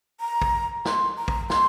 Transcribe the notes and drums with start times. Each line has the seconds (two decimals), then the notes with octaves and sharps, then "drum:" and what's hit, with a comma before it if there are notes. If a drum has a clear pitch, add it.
0.20 A#5
0.42 drum: kick
0.85 C6, drum: snare
1.17 A#5
1.28 drum: kick
1.50 C6, drum: snare